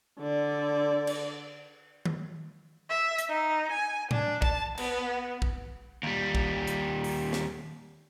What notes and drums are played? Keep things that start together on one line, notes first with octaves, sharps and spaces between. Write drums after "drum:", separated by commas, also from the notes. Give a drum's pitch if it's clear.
D3 D5
drum: cymbal
drum: tom D#3
E5
drum: hi-hat
D#4
G#5
D4, drum: tom A2
A5, drum: kick
B3, drum: cymbal
drum: kick
D#2 G3
drum: kick
drum: hi-hat
drum: open hi-hat
drum: snare